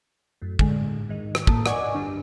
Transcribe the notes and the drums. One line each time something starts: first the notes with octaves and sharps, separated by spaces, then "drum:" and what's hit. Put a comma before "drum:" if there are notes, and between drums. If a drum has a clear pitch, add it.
F#2 A2
A2 D3 G#3, drum: kick
G#2 D#3
drum: rim click
A2 A#3 A5 D#6, drum: kick
D5 D#5 F#5 G#5 C#6 D6, drum: rim click
G2 D3 D4